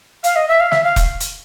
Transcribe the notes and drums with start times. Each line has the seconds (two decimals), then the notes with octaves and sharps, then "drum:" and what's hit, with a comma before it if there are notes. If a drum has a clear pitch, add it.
0.24 F5, drum: hi-hat
0.36 D#5
0.48 E5
0.60 F5
0.72 E5, drum: snare
0.84 F5
0.96 drum: kick E1, hi-hat
1.20 drum: hi-hat